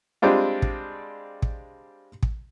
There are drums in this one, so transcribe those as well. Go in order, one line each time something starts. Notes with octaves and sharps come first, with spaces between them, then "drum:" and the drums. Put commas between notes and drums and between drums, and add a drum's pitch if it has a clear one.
G3 G#3 C4 D4 F4
drum: kick
drum: kick
drum: kick